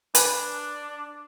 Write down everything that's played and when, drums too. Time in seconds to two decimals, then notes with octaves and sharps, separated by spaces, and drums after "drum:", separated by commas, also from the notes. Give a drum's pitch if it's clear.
0.15 D4 B4 G#5 B5, drum: hi-hat